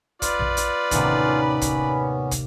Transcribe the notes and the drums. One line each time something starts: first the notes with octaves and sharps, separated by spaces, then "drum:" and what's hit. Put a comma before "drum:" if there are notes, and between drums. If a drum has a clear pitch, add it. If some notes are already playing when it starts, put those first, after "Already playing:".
F4 B4 D5, drum: kick, hi-hat
drum: tom A#1
drum: hi-hat
D#2 A2 C3 B3 C#4, drum: kick, hi-hat
B5
drum: kick, hi-hat
drum: kick, hi-hat